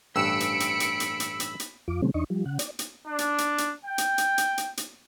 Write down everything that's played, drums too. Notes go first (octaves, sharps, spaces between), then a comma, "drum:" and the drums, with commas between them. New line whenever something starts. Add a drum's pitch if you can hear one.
A1 G2 B5 E6 C#7 D7
drum: hi-hat
drum: hi-hat
drum: hi-hat
drum: hi-hat
drum: hi-hat
drum: hi-hat
drum: hi-hat
F2 F4 D6
C3 D#3 G3 A3 C4 C#4
E2 D4 D#4 D#5 C#6
F3 G3
C#3 F#5
D5, drum: hi-hat
drum: hi-hat
D4
drum: hi-hat
drum: hi-hat
drum: hi-hat
G5
drum: hi-hat
drum: hi-hat
drum: hi-hat
drum: hi-hat
drum: hi-hat